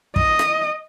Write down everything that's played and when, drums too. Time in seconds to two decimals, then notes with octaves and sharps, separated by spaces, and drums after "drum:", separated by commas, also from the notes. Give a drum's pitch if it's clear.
0.16 D#5, drum: kick
0.39 drum: rim click